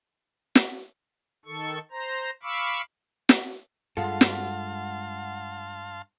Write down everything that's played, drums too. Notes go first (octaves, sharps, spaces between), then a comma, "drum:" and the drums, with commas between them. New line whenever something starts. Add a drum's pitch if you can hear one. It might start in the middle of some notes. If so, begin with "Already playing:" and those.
drum: snare
D#3 A4 C#6
C5 A#5
F5 B5 C#6 D6 E6
drum: snare
G2 G#3 F4 A4 F5 F#5 A5 C6
drum: snare